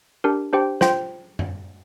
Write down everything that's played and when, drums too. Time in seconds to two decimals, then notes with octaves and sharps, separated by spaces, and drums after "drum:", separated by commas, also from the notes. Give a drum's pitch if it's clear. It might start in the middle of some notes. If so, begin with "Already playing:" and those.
0.24 D4 G4 A#4
0.53 D4 G4 C5 G5
0.81 F4 C5 G5, drum: snare
1.39 drum: tom F#2